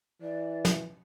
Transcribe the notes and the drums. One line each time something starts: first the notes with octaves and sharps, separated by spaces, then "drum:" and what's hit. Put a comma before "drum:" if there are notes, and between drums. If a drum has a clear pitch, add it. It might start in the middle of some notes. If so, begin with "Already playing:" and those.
E3 D5
drum: snare